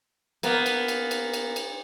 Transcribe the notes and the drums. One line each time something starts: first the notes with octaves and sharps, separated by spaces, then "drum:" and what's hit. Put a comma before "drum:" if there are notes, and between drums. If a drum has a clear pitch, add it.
A#3 B3, drum: cymbal
drum: cymbal
drum: cymbal
drum: cymbal
drum: cymbal
drum: cymbal